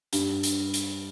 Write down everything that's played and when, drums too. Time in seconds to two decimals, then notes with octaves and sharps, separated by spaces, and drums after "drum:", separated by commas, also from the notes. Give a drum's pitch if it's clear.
0.13 G2, drum: hi-hat
0.43 drum: hi-hat
0.74 drum: hi-hat